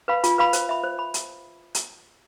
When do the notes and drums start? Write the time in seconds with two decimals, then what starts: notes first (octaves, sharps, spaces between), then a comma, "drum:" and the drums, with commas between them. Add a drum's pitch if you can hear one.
0.08 B4 F5 B5
0.24 F4, drum: hi-hat
0.38 B4 F5 B5
0.53 C5, drum: hi-hat
0.69 E5 B5
0.84 C5
0.99 B5
1.14 drum: hi-hat
1.75 drum: hi-hat